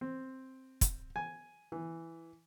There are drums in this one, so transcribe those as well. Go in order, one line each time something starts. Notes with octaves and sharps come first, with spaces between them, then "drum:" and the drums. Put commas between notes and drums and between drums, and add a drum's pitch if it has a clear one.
C4
drum: kick, hi-hat
G#5
E3